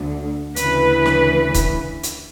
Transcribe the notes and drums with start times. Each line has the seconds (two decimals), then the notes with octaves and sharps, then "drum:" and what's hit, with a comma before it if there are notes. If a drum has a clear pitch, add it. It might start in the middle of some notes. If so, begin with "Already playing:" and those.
Already playing: D2 D3
0.56 D2 C#3 E3 B4, drum: hi-hat
1.06 drum: snare
1.55 drum: kick C#1, hi-hat
2.03 drum: hi-hat